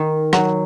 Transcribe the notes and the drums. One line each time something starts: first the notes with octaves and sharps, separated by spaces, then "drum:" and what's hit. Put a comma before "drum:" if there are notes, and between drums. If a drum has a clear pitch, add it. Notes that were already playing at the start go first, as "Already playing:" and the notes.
Already playing: D#3
F#3, drum: rim click